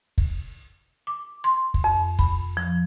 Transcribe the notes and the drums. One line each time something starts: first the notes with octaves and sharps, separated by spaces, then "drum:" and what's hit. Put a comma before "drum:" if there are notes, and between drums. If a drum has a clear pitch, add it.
drum: kick
D6
C6
drum: kick
F2
B5, drum: kick
F3